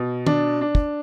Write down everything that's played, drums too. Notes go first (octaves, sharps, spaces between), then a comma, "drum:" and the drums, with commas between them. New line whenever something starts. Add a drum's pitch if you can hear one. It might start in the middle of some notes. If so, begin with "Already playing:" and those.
Already playing: B2
D4, drum: tom
D4
drum: kick